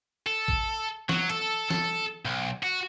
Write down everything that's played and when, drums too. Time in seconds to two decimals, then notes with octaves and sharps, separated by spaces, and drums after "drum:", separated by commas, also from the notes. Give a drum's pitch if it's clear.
0.27 A4
0.48 drum: kick A1
1.09 F#3, drum: snare
1.30 A4, drum: hi-hat
1.70 A4, drum: snare
2.25 B1
2.63 F#4